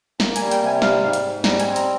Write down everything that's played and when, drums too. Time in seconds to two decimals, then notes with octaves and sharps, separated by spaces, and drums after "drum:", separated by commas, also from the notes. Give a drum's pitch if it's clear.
0.20 A#3 A#5, drum: snare
0.36 G#5, drum: hi-hat
0.41 G3
0.51 G5, drum: hi-hat
0.61 C3 G#5
0.82 G3 F5, drum: snare
1.03 G#2 F5
1.13 drum: hi-hat
1.24 G#2
1.44 G3 A#5, drum: snare
1.60 G#5, drum: hi-hat
1.66 C4
1.76 A#5, drum: hi-hat